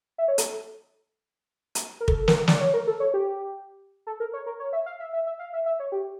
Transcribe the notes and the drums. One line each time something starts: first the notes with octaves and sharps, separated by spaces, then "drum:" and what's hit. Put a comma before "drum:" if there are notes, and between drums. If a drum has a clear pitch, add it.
E5
C#5
A4, drum: hi-hat
drum: hi-hat
A#4
A4, drum: kick
A#4, drum: snare
D5, drum: snare
C#5
A#4
A4
C#5
G4
A4
A#4
C#5
A#4
C#5
E5
F5
E5
E5
E5
F5
E5
E5
C#5
G4